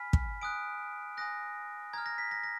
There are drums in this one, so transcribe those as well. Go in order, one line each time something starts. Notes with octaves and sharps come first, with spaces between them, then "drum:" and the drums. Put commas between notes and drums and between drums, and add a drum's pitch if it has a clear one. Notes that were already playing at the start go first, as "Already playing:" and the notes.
Already playing: G#5 B5 F6 B6
drum: kick
G#5 D#6 F#6 D7
G#5 D#6 F#6 A#6
A#5 F6 G#6
A#6
B6
A#6
A#6